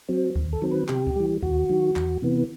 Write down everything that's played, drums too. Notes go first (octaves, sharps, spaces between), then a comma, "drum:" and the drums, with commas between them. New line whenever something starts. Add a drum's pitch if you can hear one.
F#3 C4
D#2, drum: kick C#2
A4
D#3 F#3 C4
B4
C3 G4, drum: clap
drum: kick C#2
E3 G3
D#2 F#4, drum: kick C#2
D#3 F#3
E2, drum: clap
C3 E3 B3